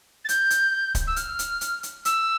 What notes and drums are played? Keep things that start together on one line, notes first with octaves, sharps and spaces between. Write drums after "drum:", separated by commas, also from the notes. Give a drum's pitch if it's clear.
A6
G6, drum: hi-hat
drum: hi-hat
drum: kick D1, hi-hat
E6
F6, drum: hi-hat
drum: hi-hat
drum: hi-hat
drum: hi-hat
E6, drum: hi-hat